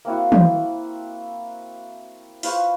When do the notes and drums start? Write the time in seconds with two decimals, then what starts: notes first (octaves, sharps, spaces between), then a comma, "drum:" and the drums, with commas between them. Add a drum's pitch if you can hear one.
0.05 A#3 C4 E4 F#4
0.32 drum: tom
2.43 F4 B4 C5 C#6, drum: open hi-hat